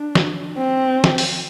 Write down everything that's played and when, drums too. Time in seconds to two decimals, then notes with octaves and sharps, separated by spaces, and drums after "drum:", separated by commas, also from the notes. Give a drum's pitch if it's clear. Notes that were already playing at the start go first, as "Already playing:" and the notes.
Already playing: D4
0.15 drum: snare
0.57 C4
1.04 drum: snare
1.18 drum: open hi-hat